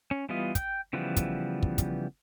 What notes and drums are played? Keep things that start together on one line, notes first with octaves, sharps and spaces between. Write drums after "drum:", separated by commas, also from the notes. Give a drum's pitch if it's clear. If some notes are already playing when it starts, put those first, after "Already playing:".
C#4
E3 G3 B3 F4 D#5
G5, drum: kick, hi-hat
C#3 E3 F3 G3 B3
drum: kick, hi-hat
drum: kick
drum: kick, hi-hat